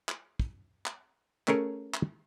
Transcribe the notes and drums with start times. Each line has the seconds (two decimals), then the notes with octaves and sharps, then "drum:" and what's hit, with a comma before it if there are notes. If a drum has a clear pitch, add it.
0.09 drum: clap
0.40 drum: kick
0.86 drum: clap
1.48 A3 C#4 G#4 A#4 C#5, drum: clap
1.94 drum: clap